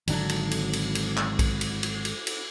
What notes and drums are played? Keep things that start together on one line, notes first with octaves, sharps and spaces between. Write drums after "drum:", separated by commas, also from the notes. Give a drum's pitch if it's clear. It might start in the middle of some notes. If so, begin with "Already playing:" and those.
G#1 D3 F#3 D4, drum: cymbal
drum: cymbal
drum: cymbal
drum: cymbal
drum: cymbal
drum: clap
drum: kick A#1, cymbal
drum: cymbal
drum: cymbal
drum: cymbal
drum: cymbal